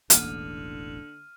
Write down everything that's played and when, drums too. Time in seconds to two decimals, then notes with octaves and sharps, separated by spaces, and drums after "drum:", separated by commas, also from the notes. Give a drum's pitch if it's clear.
0.10 E1 A1 D3 A#3 F6 D#7, drum: hi-hat